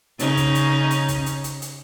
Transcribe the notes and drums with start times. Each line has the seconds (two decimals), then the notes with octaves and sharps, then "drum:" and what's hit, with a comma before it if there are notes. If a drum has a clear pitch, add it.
0.20 C#3 C#4 D#4, drum: hi-hat
0.37 drum: kick, hi-hat
0.55 drum: hi-hat
0.91 drum: hi-hat
1.09 drum: kick, hi-hat
1.26 drum: hi-hat
1.44 drum: hi-hat
1.62 drum: hi-hat